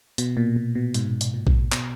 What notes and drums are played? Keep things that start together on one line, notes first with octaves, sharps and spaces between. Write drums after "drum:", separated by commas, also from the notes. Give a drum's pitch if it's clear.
B2, drum: hi-hat
A#2
A#2
B2
G#2, drum: hi-hat
drum: hi-hat
A#2
drum: kick A#1
B2, drum: clap